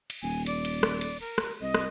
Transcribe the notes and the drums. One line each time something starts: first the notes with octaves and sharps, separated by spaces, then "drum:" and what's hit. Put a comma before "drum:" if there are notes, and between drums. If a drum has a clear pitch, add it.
drum: cymbal
D#1 G#5
D5, drum: cymbal
drum: cymbal
drum: rim click
drum: cymbal
A#4
drum: rim click
C2 D#5
drum: rim click